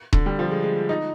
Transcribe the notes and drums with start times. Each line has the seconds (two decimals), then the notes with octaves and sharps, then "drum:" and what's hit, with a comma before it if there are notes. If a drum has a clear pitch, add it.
0.13 D3, drum: kick D#1
0.26 G3
0.39 F3
0.51 G#3
0.63 G#3
0.89 D#4